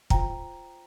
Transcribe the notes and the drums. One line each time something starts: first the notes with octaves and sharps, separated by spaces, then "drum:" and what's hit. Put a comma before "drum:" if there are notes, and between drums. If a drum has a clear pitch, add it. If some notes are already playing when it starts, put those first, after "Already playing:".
F4 C5 G5 A#5, drum: kick